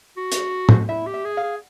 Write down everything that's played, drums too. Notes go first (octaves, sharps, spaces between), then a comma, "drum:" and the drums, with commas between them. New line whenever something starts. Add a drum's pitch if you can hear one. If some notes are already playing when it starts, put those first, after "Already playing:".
F#4
drum: hi-hat
drum: tom
E4 E5
G4
E5
G#4
F5
G#4